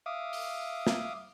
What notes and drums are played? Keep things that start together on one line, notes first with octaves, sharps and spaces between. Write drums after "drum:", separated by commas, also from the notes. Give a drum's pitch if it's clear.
E5 F5 D6 D#6
drum: open hi-hat
drum: snare